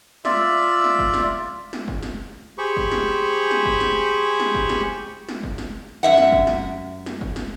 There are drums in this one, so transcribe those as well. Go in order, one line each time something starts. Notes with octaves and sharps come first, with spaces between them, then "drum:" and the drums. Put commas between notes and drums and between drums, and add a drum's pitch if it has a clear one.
F4 D5 E5, drum: snare
drum: snare
drum: kick
drum: snare
drum: snare
drum: kick
drum: snare
G4 G#4 C5 B5 C#6
drum: kick
drum: snare
drum: snare
drum: kick
drum: snare
drum: snare
drum: kick
drum: snare
drum: snare
drum: kick
drum: snare
F#2 E5 F#5
drum: snare
drum: kick
drum: snare
drum: snare
drum: kick
drum: snare